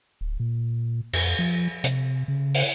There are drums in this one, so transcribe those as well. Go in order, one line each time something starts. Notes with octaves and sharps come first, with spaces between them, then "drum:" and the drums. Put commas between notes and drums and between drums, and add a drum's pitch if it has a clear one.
D1
A#2
F2, drum: cymbal
F3
C3, drum: hi-hat
C#3
drum: open hi-hat